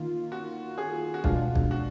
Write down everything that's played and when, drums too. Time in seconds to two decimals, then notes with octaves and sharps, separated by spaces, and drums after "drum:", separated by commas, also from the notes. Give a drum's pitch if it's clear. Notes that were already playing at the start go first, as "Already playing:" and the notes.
Already playing: D#3 A#3 F4
0.32 F#4
0.78 G#4
1.14 F#4
1.24 B2 G#3 D4 F4, drum: kick
1.56 drum: kick
1.71 F#4